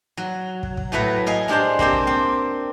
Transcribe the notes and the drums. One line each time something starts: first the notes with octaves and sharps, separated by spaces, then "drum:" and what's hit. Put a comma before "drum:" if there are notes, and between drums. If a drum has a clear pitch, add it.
F#3
drum: kick
drum: kick
A2 F#3 A3 B4 A#5
A#4 D#5 F5 G#5
G#3 D4 G4 C5 A5
A#3 C4 G4 C5, drum: kick
drum: kick
C4